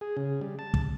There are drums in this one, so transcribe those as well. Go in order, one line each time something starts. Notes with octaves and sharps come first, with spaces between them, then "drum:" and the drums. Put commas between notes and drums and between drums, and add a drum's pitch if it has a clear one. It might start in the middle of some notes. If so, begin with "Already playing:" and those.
G#4
C#3
G3
A5
drum: kick